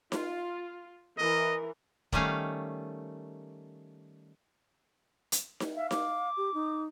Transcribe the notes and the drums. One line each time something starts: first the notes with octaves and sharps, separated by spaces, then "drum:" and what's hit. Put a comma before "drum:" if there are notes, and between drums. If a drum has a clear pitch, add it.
F4, drum: snare D#4
E3 A#4 D#5
D#3 G3 A3 C#4 F5, drum: kick
drum: hi-hat
drum: snare D#4
E5 F5
D6, drum: snare D#4
G4
D#4